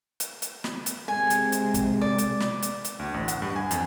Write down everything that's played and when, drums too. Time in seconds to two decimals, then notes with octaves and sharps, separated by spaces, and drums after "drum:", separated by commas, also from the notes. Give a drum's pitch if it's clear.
0.20 drum: hi-hat
0.42 drum: hi-hat
0.64 drum: snare
0.86 drum: hi-hat
1.08 C3 G#3 G#5
1.30 drum: hi-hat
1.52 drum: hi-hat
1.74 drum: kick, hi-hat
2.01 D5
2.18 drum: hi-hat
2.40 drum: snare
2.62 drum: hi-hat
2.84 drum: hi-hat
2.99 D2
3.14 A1
3.28 F#5, drum: hi-hat
3.42 G2
3.56 G#5
3.71 F2, drum: hi-hat